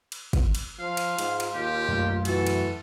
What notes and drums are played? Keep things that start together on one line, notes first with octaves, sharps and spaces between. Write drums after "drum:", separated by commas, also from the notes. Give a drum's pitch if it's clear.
drum: cymbal
drum: kick, cymbal
drum: cymbal
F3 F4 F5
drum: cymbal
G#2, drum: cymbal
drum: cymbal
D#2 G4
F#2 A3
E3 F#4 A4, drum: cymbal
drum: cymbal